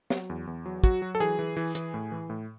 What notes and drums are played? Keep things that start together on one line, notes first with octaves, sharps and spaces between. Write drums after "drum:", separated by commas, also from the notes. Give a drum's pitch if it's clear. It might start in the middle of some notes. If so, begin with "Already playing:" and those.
F#3, drum: snare
E2
E2
F#3
F#3 F#4, drum: kick
F#3
A4
E3 G#4
E3
E3
E3, drum: hi-hat
A2
E3
A2